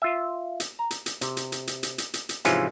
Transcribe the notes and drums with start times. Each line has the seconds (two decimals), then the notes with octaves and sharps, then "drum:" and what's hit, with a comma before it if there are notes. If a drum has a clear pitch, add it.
0.02 F4 E5
0.60 drum: hi-hat
0.79 A#5
0.91 drum: hi-hat
1.06 drum: hi-hat
1.21 C3, drum: hi-hat
1.37 drum: hi-hat
1.52 drum: hi-hat
1.67 drum: hi-hat
1.83 drum: hi-hat
1.98 drum: hi-hat
2.14 drum: hi-hat
2.29 drum: hi-hat
2.45 G#2 C3 E3 F3 C#4 F4, drum: hi-hat